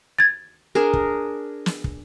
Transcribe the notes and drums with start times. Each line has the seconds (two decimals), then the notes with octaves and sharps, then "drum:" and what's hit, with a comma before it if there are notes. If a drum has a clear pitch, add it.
0.19 G#6 A6
0.75 D4 G#4 A#4
0.93 drum: kick
1.66 drum: snare
1.84 drum: kick